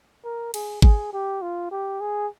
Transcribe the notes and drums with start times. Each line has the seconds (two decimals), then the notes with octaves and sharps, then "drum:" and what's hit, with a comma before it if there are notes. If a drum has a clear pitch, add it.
0.24 A#4
0.54 G#4, drum: cymbal
0.82 G#4, drum: kick
1.13 G4
1.42 F4
1.71 G4
2.01 G#4